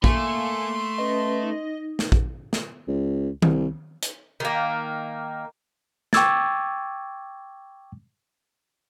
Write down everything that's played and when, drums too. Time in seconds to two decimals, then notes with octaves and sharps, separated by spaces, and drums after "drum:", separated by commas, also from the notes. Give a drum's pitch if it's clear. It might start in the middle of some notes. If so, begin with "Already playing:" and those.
0.04 A3 A#3 G#5 C6, drum: kick
0.98 C#4 B4 D#5
1.43 D#4
1.99 drum: snare
2.12 drum: kick
2.53 drum: snare
2.88 C#2
3.42 C2, drum: tom D#3
4.03 drum: hi-hat
4.40 D#3 A#3
6.13 G5 C#6 D6 E6 G#6 A6, drum: snare